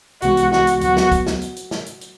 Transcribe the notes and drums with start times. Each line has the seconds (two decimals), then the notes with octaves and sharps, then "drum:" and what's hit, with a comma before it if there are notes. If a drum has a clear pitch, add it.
0.22 C2 C3 E3 G#3 B3 F#4, drum: hi-hat
0.37 drum: hi-hat
0.53 F#4, drum: snare
0.67 drum: hi-hat
0.81 D2 D3 F#3 B3 F#4, drum: hi-hat
0.97 drum: snare
1.12 drum: kick, hi-hat
1.27 drum: snare
1.41 drum: hi-hat
1.56 drum: hi-hat
1.71 drum: snare
1.86 drum: hi-hat
2.01 drum: hi-hat